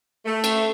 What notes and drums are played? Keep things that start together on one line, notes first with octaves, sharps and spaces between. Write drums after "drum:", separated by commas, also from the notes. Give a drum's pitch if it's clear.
A3
drum: cymbal